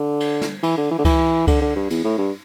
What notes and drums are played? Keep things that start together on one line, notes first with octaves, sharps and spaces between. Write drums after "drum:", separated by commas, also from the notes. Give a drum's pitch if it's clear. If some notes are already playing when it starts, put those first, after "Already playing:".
Already playing: D3
drum: cymbal
drum: snare
E3, drum: cymbal
D3
E3
D3
E3, drum: kick C#2, cymbal
D3, drum: kick C#2, cymbal
D3
G2
E2, drum: cymbal
A2
G2